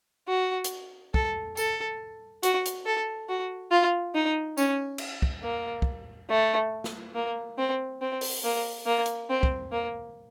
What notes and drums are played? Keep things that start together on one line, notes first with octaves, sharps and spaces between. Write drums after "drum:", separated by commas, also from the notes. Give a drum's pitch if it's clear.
F#4
drum: hi-hat
A4, drum: kick
A4, drum: tambourine
F#4, drum: hi-hat
drum: hi-hat
A4
F#4
F4
D#4
C#4, drum: tambourine
drum: cymbal
drum: kick
A#3
drum: kick
A3
drum: snare
A#3
C4
C4
drum: open hi-hat
A#3
A#3
drum: hi-hat
C4
drum: kick
A#3